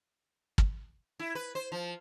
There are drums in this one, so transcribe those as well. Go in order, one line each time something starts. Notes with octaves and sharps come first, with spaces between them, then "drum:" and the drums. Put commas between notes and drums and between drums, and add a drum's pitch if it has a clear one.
drum: kick
E4
B4
C5
F3